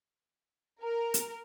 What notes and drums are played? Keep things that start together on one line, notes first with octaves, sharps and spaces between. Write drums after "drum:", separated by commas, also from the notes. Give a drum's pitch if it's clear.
A#4
drum: hi-hat